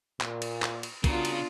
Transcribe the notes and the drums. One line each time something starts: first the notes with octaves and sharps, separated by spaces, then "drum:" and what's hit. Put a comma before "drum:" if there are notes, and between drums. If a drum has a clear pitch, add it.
A#2, drum: clap
drum: cymbal
drum: clap
drum: cymbal
C2 C#3 B3 D4 F4 F#4 A#4, drum: kick, cymbal
drum: cymbal